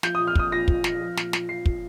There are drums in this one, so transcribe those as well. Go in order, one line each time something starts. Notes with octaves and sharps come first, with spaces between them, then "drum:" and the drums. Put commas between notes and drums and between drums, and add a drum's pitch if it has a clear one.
F3 G6, drum: snare
A#2 D#6
F6
A#2 D#6, drum: kick
A#2 A#6
F3, drum: kick
F3, drum: snare
F3
A#2, drum: snare
A#2, drum: snare
F3 C7
A#2, drum: kick